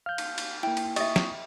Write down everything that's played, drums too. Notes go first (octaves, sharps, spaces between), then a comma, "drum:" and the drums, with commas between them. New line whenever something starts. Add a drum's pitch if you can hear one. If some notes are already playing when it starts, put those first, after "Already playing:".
F5 F6 G6
drum: cymbal
drum: cymbal
A#3 E4 G5
drum: cymbal
D#5 E5 C#6 D#6, drum: cymbal
drum: snare